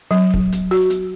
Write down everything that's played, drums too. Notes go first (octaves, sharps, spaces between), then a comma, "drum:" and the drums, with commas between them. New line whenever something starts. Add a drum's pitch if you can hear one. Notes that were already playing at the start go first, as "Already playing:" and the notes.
F#3
drum: kick
drum: hi-hat
F#4
drum: hi-hat